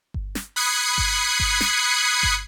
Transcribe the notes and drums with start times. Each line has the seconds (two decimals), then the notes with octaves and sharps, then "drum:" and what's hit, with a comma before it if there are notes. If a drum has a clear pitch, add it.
0.14 drum: kick G1
0.35 drum: snare
0.56 B5 D#6 F#6 G#6 C7 C#7
0.98 drum: kick G1
1.40 drum: kick G1
1.61 drum: snare
2.23 drum: kick G1